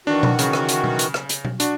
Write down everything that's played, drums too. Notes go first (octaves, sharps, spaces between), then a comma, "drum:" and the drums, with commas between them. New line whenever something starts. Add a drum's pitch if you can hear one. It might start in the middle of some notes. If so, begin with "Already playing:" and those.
D#3 E3 D4 F#4
drum: tom B2
C#3, drum: hi-hat
drum: rim click
drum: hi-hat
drum: tom B2
drum: hi-hat
drum: rim click
drum: hi-hat
drum: tom B2
D4 F#4, drum: hi-hat